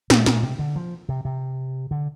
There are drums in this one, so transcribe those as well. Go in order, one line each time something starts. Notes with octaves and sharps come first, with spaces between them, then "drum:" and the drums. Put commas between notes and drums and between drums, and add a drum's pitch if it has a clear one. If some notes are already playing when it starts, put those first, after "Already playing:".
A#2, drum: snare
A#2, drum: snare
C3
D3
F3
C3
C3
D3